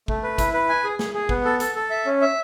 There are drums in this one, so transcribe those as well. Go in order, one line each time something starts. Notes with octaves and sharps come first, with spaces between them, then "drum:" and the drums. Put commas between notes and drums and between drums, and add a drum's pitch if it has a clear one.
A3, drum: kick
B4
E4, drum: kick, hi-hat
B4
G#5
G#4
G#4, drum: snare
G#4
B3, drum: kick
A4
A4, drum: hi-hat
A4
E5
C#4
E5